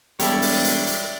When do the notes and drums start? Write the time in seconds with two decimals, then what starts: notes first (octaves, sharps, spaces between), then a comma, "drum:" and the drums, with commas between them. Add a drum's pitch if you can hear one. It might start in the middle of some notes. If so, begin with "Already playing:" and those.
0.20 E1 G3 E4 A4 C#5 D5, drum: hi-hat
0.42 drum: open hi-hat
0.65 drum: hi-hat
0.87 drum: hi-hat